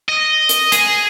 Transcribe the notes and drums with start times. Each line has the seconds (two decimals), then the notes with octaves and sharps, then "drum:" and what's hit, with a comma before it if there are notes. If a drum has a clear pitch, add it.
0.09 D#5
0.49 drum: hi-hat
0.72 G#4, drum: hi-hat